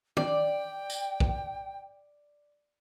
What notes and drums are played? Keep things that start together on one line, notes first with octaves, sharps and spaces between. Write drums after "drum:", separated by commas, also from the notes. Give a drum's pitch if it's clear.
D5 G5, drum: tom
drum: tambourine
drum: kick B1